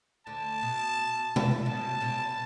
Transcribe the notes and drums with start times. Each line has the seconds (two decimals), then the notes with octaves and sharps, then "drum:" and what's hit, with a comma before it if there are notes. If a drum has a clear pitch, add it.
0.27 D2 D3 A5
0.62 B2
1.36 drum: tom B2
1.66 B2 A5
2.01 B2